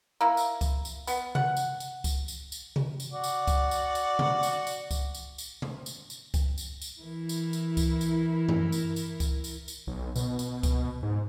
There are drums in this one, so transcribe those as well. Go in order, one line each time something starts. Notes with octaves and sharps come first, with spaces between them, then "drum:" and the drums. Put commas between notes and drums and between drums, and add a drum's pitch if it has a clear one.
A#3 E4
drum: tambourine
drum: kick C#2, tambourine
drum: tambourine
B3, drum: tambourine
F#5, drum: tom C3
drum: tambourine
drum: tambourine
drum: kick C#2, tambourine
drum: tambourine
drum: tambourine
drum: tom C3
drum: tambourine
F#4 D5
drum: tambourine
drum: kick C#2, tambourine
drum: tambourine
drum: tambourine
drum: tom B2
drum: tambourine
drum: tambourine
drum: kick C#2, tambourine
drum: tambourine
drum: tambourine
drum: tom B2
drum: tambourine
drum: tambourine
drum: kick C#2, tambourine
drum: tambourine
drum: tambourine
E3 E4 A#4
drum: tambourine
drum: tambourine
drum: kick C#2, tambourine
drum: tambourine
drum: tom F#2
drum: tambourine
drum: tambourine
drum: kick C#2, tambourine
drum: tambourine
drum: tambourine
B1
B2, drum: tambourine
B2, drum: tambourine
drum: kick C#2, tambourine
G#2